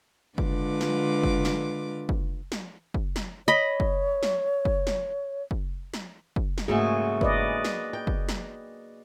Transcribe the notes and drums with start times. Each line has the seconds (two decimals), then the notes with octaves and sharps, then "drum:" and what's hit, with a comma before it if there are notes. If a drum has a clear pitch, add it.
0.38 D3 G#3 F4 B4 D6, drum: kick
0.81 drum: snare
1.23 drum: kick
1.45 drum: snare
2.09 drum: kick
2.52 drum: snare
2.94 drum: kick
3.16 drum: snare
3.48 C#5 D#5 B5
3.80 drum: kick
4.23 drum: snare
4.65 drum: kick
4.87 drum: snare
5.51 drum: kick
5.94 drum: snare
6.36 drum: kick
6.58 drum: snare
6.68 G#2 C#3 A3 A#3 F#4 G#4
7.21 B4 D5 D#5, drum: kick
7.64 drum: snare
7.93 G5
8.07 drum: kick
8.29 drum: snare